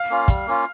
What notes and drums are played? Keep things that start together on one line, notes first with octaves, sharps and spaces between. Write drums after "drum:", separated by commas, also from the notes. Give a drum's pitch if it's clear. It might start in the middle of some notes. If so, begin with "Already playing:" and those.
Already playing: F5
A#3 C#4 F4
G3, drum: kick, hi-hat
A#3 C#4 F4